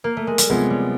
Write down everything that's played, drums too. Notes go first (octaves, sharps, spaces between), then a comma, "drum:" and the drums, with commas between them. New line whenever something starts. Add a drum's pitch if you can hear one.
A#3
A3
G#3
G3, drum: hi-hat
C3 F3 F#3 G#3 B3
G3